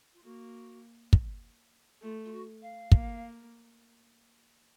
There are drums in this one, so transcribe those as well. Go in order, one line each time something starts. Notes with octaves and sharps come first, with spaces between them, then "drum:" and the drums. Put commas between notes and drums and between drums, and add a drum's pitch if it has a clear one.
F4
A#3 F#4
drum: kick
A3 F4
F4
F#4
F5
A#3, drum: kick